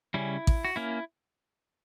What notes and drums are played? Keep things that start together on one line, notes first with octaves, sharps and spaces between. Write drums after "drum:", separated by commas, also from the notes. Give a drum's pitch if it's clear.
C#3 G3 C#4 E4
drum: kick A1
F#4
A#3 C#4 E4